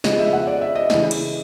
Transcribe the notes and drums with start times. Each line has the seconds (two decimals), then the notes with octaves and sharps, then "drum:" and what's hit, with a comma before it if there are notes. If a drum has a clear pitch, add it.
0.04 C#3 F3 G#3 B3 D#5, drum: snare
0.19 E5
0.33 F#5
0.47 D5
0.61 E5
0.75 D#5
0.90 C#3 E3 A3, drum: snare
1.11 drum: cymbal